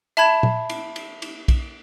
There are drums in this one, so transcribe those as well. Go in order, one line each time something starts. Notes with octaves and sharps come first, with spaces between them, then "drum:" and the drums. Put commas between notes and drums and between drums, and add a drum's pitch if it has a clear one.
E5 A5 B5 G#6 E7, drum: cymbal
drum: tom A#2
drum: cymbal
drum: cymbal
drum: cymbal
drum: kick, cymbal